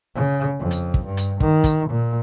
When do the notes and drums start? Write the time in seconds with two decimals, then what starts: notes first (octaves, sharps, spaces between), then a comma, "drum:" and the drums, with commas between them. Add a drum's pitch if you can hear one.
0.15 C#3
0.59 F2
0.71 drum: hi-hat
0.94 drum: kick
1.06 G2
1.17 drum: hi-hat
1.40 D#3, drum: kick
1.64 drum: kick, hi-hat
1.90 A#2